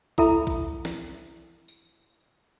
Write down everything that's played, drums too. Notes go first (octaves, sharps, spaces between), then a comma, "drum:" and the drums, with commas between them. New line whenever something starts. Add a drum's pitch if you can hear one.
E4 A4 E5 A#5 B5, drum: kick A#1
drum: kick A#1
drum: snare
drum: tambourine